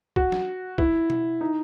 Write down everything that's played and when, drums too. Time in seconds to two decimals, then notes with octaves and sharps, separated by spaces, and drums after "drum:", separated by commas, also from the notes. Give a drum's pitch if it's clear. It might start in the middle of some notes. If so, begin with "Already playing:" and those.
0.16 F#4, drum: kick
0.32 drum: snare
0.78 E4, drum: kick
1.10 drum: tom B2
1.41 D#4